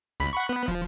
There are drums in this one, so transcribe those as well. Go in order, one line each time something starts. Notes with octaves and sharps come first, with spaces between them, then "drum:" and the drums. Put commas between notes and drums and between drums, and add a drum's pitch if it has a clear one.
C#2 B5 B6
F#5 B5 C#6
B3 B4
F3, drum: kick